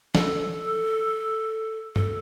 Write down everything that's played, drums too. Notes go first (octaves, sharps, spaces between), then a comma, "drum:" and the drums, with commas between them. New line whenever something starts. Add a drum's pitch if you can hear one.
A4, drum: snare
A4, drum: tom G2